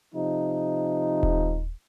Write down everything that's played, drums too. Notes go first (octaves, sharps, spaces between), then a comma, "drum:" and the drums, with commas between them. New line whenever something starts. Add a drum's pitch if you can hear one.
C3 F3 D#4
drum: kick D#1